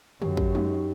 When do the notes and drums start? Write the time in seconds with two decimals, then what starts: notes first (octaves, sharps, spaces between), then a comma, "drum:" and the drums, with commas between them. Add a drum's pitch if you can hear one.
0.22 F#2 G4, drum: tom D3
0.37 G4, drum: kick
0.55 D#4, drum: tom G#3
0.71 G4